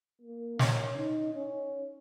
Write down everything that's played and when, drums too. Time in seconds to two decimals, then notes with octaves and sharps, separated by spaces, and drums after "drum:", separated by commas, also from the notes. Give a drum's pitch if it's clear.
0.22 A#3
0.59 C#4, drum: snare
0.97 D#4
1.35 C#4